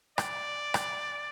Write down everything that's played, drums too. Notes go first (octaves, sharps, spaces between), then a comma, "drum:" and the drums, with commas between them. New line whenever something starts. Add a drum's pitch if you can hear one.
D5, drum: rim click
drum: rim click